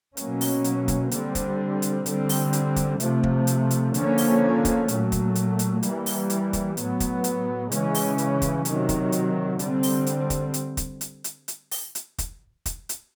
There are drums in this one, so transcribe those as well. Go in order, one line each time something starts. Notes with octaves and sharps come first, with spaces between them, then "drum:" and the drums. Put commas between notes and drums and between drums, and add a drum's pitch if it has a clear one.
B2 F#3 A#3 C#4, drum: hi-hat
drum: open hi-hat
drum: hi-hat
drum: kick, hi-hat
D3 G3 C4, drum: hi-hat
drum: kick, hi-hat
drum: hi-hat
D3 G3 C4, drum: hi-hat
drum: open hi-hat
drum: hi-hat
drum: kick, hi-hat
C3 F3 A3, drum: hi-hat
drum: kick
drum: hi-hat
drum: hi-hat
D3 F3 A#3 C#4, drum: hi-hat
drum: open hi-hat
drum: kick, hi-hat
A#2 F#3 A3, drum: hi-hat
drum: kick, hi-hat
drum: hi-hat
drum: hi-hat
E3 G3 A#3, drum: hi-hat
drum: open hi-hat
drum: hi-hat
drum: kick, hi-hat
A2 F#3 B3, drum: hi-hat
drum: kick, hi-hat
drum: hi-hat
C#3 E3 G#3 C#4, drum: hi-hat
drum: open hi-hat
drum: hi-hat
drum: kick, hi-hat
C3 D#3 F#3, drum: hi-hat
drum: kick, hi-hat
drum: hi-hat
D3 G3 C4, drum: hi-hat
drum: open hi-hat
drum: hi-hat
drum: kick, hi-hat
drum: hi-hat
drum: kick, hi-hat
drum: hi-hat
drum: hi-hat
drum: hi-hat
drum: open hi-hat
drum: hi-hat
drum: kick, hi-hat
drum: kick, hi-hat
drum: hi-hat